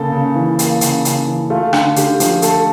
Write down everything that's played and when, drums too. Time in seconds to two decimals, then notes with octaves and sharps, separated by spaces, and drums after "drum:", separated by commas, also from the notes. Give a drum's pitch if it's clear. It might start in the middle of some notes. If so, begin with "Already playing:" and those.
Already playing: C#3 A#3 A4
0.12 C#3
0.35 E3
0.59 A#3, drum: hi-hat
0.81 C#3, drum: hi-hat
1.05 C#3, drum: hi-hat
1.28 E3
1.50 A3 F4
1.73 D3, drum: rim click
1.96 D3 G4, drum: hi-hat
2.20 F3, drum: hi-hat
2.42 A3 A4, drum: hi-hat